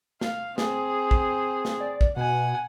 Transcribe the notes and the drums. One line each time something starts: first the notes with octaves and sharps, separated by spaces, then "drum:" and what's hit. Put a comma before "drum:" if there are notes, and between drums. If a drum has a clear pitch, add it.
F5, drum: snare
C4 G#4, drum: snare
drum: kick
drum: snare
D5
drum: kick
B2 F#5 G#5